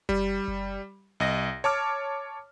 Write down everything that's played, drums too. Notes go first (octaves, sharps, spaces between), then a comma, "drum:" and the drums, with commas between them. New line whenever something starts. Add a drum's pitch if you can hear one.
G3, drum: kick F#1
drum: kick F#1
C2 D#5 A#6
C#5 A5 D6 F6